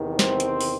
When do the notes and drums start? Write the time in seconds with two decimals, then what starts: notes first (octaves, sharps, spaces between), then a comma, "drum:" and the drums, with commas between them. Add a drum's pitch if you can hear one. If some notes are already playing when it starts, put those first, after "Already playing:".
Already playing: E2 C3 D#3
0.19 C4 C5, drum: snare
0.40 drum: hi-hat
0.61 drum: open hi-hat